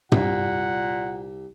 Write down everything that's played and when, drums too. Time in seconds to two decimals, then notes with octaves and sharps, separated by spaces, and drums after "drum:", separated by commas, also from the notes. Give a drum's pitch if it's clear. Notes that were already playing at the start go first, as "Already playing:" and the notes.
0.12 C2 A#2 F#5, drum: tom